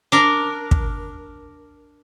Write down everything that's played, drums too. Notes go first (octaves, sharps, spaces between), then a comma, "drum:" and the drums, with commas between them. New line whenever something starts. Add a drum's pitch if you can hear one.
D4 A#4
drum: kick